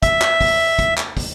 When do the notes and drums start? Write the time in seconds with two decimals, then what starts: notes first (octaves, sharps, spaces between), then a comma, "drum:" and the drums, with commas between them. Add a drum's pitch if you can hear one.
0.03 E5, drum: kick, hi-hat
0.22 drum: clap
0.41 drum: kick, open hi-hat
0.79 drum: kick, hi-hat
0.98 drum: clap
1.17 drum: kick, open hi-hat